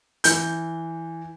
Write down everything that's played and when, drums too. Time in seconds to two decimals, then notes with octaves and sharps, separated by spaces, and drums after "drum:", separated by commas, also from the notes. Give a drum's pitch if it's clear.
0.24 E3 G6, drum: hi-hat